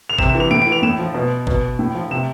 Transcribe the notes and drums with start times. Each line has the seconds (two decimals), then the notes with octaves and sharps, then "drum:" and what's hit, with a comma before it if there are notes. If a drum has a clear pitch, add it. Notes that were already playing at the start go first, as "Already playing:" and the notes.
0.09 F7
0.19 C3 E7, drum: kick
0.30 E7
0.35 E3
0.40 F7
0.51 A2 D7
0.62 D7
0.67 E3
0.72 F7
0.83 A2 E7
0.99 F3
1.14 B2
1.47 B2, drum: kick
1.79 A2
1.95 F3
2.11 C3 E7